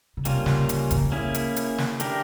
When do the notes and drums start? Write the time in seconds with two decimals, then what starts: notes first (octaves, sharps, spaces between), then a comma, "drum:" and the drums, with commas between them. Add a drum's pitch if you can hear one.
0.17 C#3
0.25 C3 G3 A#3 C#4 F4, drum: hi-hat
0.46 C#3, drum: snare
0.69 D3, drum: hi-hat
0.91 C#3, drum: kick F1, hi-hat
1.12 A#3 C#4 E4 G#4
1.34 drum: hi-hat
1.56 drum: hi-hat
1.78 drum: snare
2.00 A3 D4 G4 A#4, drum: hi-hat